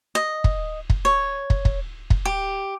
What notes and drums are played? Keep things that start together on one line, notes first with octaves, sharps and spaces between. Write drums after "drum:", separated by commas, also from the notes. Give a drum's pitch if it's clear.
D#5
drum: kick
drum: kick
C#5
drum: kick
drum: kick
drum: kick
G4